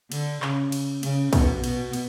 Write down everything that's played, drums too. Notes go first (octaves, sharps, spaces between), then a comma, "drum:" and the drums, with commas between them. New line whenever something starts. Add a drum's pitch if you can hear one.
D3, drum: cymbal
C#3, drum: clap
drum: cymbal
C#3, drum: cymbal
B2, drum: kick, cymbal
B2, drum: cymbal
drum: cymbal